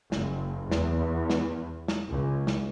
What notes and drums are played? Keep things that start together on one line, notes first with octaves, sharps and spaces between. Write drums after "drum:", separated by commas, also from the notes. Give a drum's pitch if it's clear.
F#1, drum: snare
E2, drum: snare
drum: snare
drum: snare
C#2
drum: snare